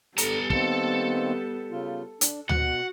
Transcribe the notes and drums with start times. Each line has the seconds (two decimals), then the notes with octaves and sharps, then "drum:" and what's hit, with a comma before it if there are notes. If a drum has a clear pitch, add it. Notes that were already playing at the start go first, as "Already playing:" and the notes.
0.18 D3 G3 B3 A4 A#5, drum: hi-hat
0.50 D#3 A#3 C4 A4, drum: kick
1.71 C#3 F4
2.21 D4, drum: hi-hat
2.49 B2 F#4 F#5, drum: tom D2